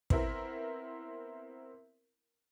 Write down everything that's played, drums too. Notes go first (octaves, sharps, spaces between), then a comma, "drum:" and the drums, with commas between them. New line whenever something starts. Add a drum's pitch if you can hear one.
B3 C4 E4 A#4, drum: kick